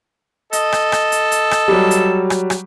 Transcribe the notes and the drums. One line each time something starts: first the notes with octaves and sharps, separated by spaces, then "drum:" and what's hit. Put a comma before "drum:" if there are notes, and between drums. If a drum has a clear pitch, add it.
A4 D#5, drum: hi-hat
drum: rim click
drum: rim click
drum: hi-hat
drum: hi-hat
drum: rim click
F#3 G3
drum: hi-hat
drum: rim click
drum: rim click